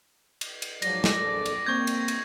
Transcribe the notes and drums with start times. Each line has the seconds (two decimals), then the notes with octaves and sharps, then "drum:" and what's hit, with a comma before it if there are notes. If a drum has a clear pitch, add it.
0.41 drum: cymbal
0.62 drum: cymbal
0.82 G#2 F3 F#3 D5 A#6, drum: cymbal
1.04 drum: snare
1.20 A#1 F2 A4
1.46 drum: cymbal
1.66 A#3 C4 C#6 G6 G#6
1.87 drum: cymbal
2.08 drum: cymbal